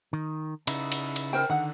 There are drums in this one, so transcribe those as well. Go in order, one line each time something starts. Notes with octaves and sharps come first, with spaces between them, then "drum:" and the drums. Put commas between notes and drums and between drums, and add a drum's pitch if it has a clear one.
D#3
C#3 D#4 E4, drum: cymbal
drum: cymbal
drum: cymbal
A#4 C5 G5
D3 D#3 F#5